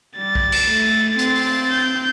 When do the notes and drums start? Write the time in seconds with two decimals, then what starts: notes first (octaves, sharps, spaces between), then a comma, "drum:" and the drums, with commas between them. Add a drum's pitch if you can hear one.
0.17 G3 A6
0.35 drum: kick B1
0.52 drum: cymbal
0.68 A3
1.19 C4, drum: hi-hat
1.36 drum: open hi-hat
1.71 G6